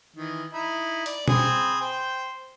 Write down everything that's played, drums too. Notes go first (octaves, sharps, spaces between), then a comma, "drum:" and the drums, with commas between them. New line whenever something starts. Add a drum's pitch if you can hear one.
D#3 E3
D#4 E4
D5, drum: open hi-hat
C4 G#4 B5, drum: tom B2
C5 G5